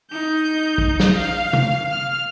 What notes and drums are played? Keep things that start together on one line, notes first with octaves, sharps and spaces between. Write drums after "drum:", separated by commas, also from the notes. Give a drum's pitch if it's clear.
D#4 G6
drum: kick
drum: snare
F5
drum: tom C3
F6